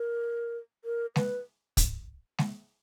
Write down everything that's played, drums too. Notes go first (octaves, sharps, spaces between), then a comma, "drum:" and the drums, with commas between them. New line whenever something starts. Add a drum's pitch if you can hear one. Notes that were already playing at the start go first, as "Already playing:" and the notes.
Already playing: A#4
A#4
B4, drum: snare G#3
drum: kick, hi-hat
drum: snare G#3